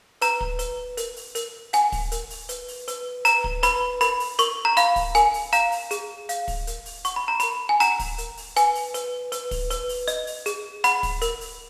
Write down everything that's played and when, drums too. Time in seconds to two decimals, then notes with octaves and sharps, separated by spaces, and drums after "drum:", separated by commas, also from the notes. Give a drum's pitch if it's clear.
0.21 B4 A#5, drum: hi-hat
0.41 drum: kick
0.59 B4, drum: hi-hat
0.97 A#4, drum: hi-hat
1.16 drum: open hi-hat
1.35 A#4, drum: hi-hat
1.73 F#5 G#5, drum: hi-hat
1.92 drum: kick, open hi-hat
2.12 A#4, drum: hi-hat
2.30 drum: open hi-hat
2.49 B4, drum: hi-hat
2.68 drum: open hi-hat
2.88 B4, drum: hi-hat
3.25 B4 A#5, drum: hi-hat
3.44 drum: kick
3.63 B4 B5, drum: hi-hat
4.01 A#4 B5, drum: hi-hat
4.20 drum: open hi-hat
4.39 A#4 C#6, drum: hi-hat
4.65 A#5
4.77 F5 B5, drum: hi-hat
4.96 drum: kick, open hi-hat
5.15 A#4 G#5, drum: hi-hat
5.34 drum: open hi-hat
5.53 F5 A#5, drum: hi-hat
5.72 drum: open hi-hat
5.91 G#4, drum: hi-hat
6.29 F5, drum: hi-hat
6.48 drum: kick, open hi-hat
6.67 A#4, drum: hi-hat
6.86 drum: open hi-hat
7.05 F#5 C#6, drum: hi-hat
7.16 B5
7.28 A#5
7.40 A#4 B5, drum: hi-hat
7.69 G#5
7.80 F#5 A#5, drum: hi-hat
7.99 drum: kick, open hi-hat
8.18 A#4, drum: hi-hat
8.37 drum: open hi-hat
8.56 B4 G#5, drum: hi-hat
8.75 drum: open hi-hat
8.94 B4, drum: hi-hat
9.32 B4, drum: hi-hat
9.51 drum: kick, open hi-hat
9.71 B4, drum: hi-hat
9.89 drum: open hi-hat
10.08 D#5, drum: hi-hat
10.27 drum: open hi-hat
10.46 G#4, drum: hi-hat
10.84 F#5 B5, drum: hi-hat
11.03 drum: kick, open hi-hat
11.22 A#4, drum: hi-hat
11.41 drum: open hi-hat